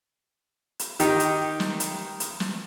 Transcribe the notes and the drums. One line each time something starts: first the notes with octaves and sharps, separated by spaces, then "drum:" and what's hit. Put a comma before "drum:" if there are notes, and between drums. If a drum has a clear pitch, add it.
drum: hi-hat
D#3 D#4 G4, drum: hi-hat
drum: hi-hat
drum: snare
drum: hi-hat
drum: hi-hat
drum: snare